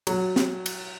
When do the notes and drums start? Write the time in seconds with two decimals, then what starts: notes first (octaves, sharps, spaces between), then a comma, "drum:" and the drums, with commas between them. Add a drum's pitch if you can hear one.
0.07 F#3, drum: cymbal
0.36 drum: snare
0.66 drum: cymbal